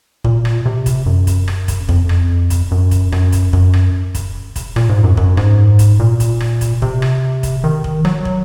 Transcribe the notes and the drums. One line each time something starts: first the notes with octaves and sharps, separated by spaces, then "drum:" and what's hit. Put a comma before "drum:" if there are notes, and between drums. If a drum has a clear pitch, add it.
A#2, drum: kick
drum: rim click
C3
drum: kick, hi-hat
F#2
drum: kick, hi-hat
drum: rim click
drum: kick, hi-hat
F2, drum: kick
drum: rim click
drum: kick, hi-hat
F#2
drum: kick, hi-hat
F#2, drum: rim click
drum: kick, hi-hat
F#2, drum: kick
drum: rim click
drum: kick, hi-hat
drum: kick, hi-hat
A#2, drum: rim click
G#2
F#2
F#2, drum: kick
G#2, drum: rim click
drum: kick, hi-hat
A#2
drum: kick, hi-hat
drum: rim click
drum: kick, hi-hat
C3, drum: kick
drum: rim click
drum: kick, hi-hat
D#3
drum: kick
F#3, drum: rim click
drum: kick